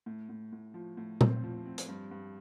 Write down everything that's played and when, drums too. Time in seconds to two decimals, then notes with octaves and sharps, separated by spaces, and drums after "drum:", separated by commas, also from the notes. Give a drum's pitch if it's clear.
0.06 A2
0.29 A2
0.52 A2
0.74 F3
0.97 A2
1.21 C4, drum: tom A#2
1.43 F3
1.66 C4
1.78 drum: hi-hat
1.88 G2
2.11 G2